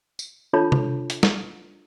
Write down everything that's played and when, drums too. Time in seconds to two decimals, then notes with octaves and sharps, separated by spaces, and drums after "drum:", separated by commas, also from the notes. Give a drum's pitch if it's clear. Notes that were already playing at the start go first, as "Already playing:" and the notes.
0.19 drum: tambourine
0.53 D4 F4 A4 C#5 A5 B5
0.72 drum: tom C3
1.10 drum: hi-hat
1.23 drum: snare